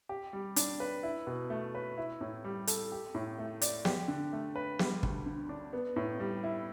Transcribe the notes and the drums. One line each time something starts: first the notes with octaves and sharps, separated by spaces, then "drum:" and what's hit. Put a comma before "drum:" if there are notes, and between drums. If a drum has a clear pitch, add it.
G4
G3
D4, drum: hi-hat
B4
E4
B2
A3
B4
E4
A2
G3
A4, drum: hi-hat
G4
A2
A3
D5, drum: hi-hat
G4, drum: snare
D3
A3
B4
G3, drum: snare
D2, drum: kick
D3
D4
B3
A2
G3
E4